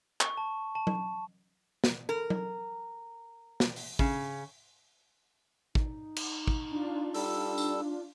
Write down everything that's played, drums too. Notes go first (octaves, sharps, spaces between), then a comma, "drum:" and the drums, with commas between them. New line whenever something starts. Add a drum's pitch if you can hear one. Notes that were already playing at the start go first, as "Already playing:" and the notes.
C#6, drum: clap
A5
A5
drum: tom F#3
drum: snare
A#4
drum: tom F#3
drum: snare
drum: open hi-hat
C#3, drum: kick
D#4, drum: kick
drum: cymbal
drum: kick
D4 F4
G3 A4 E6, drum: open hi-hat
drum: tambourine